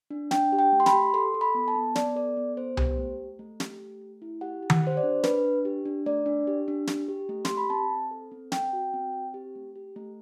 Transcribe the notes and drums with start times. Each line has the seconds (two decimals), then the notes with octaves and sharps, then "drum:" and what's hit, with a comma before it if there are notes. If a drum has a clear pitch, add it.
0.10 D4
0.31 D4 G5, drum: snare
0.52 G4
0.59 G5
0.72 A3
0.80 C6
0.86 B5, drum: snare
0.93 G4
1.14 A4 C6
1.34 A4
1.41 B5
1.55 B3
1.68 A5
1.75 B3
1.96 B3 D5, drum: snare
2.16 A4 D5
2.37 B3
2.57 B3 C5
2.77 G4, drum: tom C2
2.98 A3
3.19 A3
3.39 A3
3.60 G4, drum: snare
3.80 A3
4.01 A3
4.22 E4
4.41 G4 F#5
4.63 G4
4.70 F#5, drum: tom D#3
4.83 G4 C5
4.97 D5
5.03 D4
5.24 D4 B4, drum: snare
5.44 D4
5.65 G4
5.85 D4
6.06 A3 D5
6.26 D4
6.47 G4
6.68 D4
6.87 G4, drum: snare
7.09 G4
7.29 A3
7.45 G4 C6, drum: snare
7.57 B5
7.70 C4 A5
7.90 C4
8.11 A4
8.32 C4
8.52 C4 G5, drum: snare
8.73 F#4
8.94 C4
9.13 C4
9.34 G4
9.55 A3
9.76 G4
9.96 A3